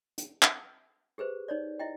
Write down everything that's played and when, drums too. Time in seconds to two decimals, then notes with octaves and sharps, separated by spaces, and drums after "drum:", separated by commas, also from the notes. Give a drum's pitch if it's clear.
0.18 drum: hi-hat
0.42 drum: clap
1.18 G4 G#4 B4 C5
1.48 D#4 C#5 D5
1.79 E4 D#5 G5